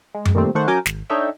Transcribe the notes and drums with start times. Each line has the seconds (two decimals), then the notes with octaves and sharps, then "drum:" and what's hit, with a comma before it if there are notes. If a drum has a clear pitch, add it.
0.15 G#3
0.25 drum: tom F#2
0.35 A#2 D#3 G3 A3 C4
0.55 D#3 A3 C5 F#5 C#6
0.67 F#3 C#4 A#4 G#5 D6 G6
0.86 G#1, drum: snare
1.10 D4 D#4 A4 C#5 E5 G5